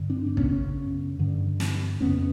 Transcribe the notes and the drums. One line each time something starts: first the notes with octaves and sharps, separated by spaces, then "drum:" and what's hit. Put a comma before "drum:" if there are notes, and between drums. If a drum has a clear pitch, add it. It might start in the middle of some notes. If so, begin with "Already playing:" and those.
Already playing: G2 D3
C4 D4
D4
F#2 C#3 B3 C#4, drum: kick
G2 D3
drum: snare
F2 C#3 B3 C#4